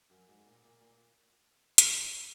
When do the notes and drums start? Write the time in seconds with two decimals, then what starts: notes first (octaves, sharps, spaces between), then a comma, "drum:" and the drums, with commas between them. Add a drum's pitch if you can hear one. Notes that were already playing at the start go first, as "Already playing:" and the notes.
0.10 F#2
0.29 G#2
0.46 A#2
0.64 A#2
0.81 A#2
1.78 drum: hi-hat